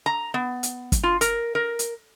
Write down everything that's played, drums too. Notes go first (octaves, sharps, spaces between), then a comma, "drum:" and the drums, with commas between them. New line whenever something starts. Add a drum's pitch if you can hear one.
A#5
B3
drum: hi-hat
drum: kick, hi-hat
F4
A#4, drum: hi-hat
A#4
drum: hi-hat